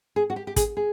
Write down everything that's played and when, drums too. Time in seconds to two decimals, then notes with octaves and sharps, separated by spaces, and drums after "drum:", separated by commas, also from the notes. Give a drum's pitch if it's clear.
0.16 G#4
0.30 F#4
0.36 G4
0.47 G4
0.56 G#4, drum: kick, hi-hat
0.77 G#4